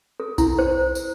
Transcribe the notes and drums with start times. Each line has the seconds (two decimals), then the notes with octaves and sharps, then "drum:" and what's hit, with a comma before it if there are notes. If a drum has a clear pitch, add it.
0.20 A4
0.38 E4, drum: kick B1, tambourine
0.59 C5
0.95 drum: tambourine